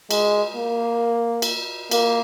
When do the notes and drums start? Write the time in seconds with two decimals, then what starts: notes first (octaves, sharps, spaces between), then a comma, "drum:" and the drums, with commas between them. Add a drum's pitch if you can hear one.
0.11 G#3, drum: cymbal
0.56 A#3
1.42 drum: cymbal
1.91 A#3, drum: cymbal